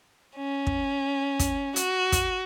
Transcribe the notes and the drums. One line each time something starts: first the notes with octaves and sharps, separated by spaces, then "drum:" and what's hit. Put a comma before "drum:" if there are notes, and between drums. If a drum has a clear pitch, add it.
C#4
drum: kick
drum: kick, hi-hat
F#4, drum: hi-hat
drum: kick, hi-hat